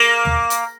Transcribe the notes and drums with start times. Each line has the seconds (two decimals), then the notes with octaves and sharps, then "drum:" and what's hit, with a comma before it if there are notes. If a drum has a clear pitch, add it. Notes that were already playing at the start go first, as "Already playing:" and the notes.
Already playing: A#3
0.25 drum: tom
0.50 drum: hi-hat